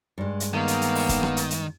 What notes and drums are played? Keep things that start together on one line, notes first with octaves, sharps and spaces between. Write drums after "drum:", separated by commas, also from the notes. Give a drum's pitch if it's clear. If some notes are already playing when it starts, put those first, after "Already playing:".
G2 G#3
drum: hi-hat
D#3 A#3 B3
drum: hi-hat
drum: hi-hat
drum: open hi-hat
drum: kick, hi-hat
drum: rim click
drum: hi-hat
drum: hi-hat